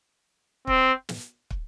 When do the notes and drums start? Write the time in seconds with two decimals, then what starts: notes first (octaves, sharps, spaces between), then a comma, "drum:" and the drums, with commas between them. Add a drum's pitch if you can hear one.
0.67 C4, drum: kick
1.09 drum: snare
1.50 drum: kick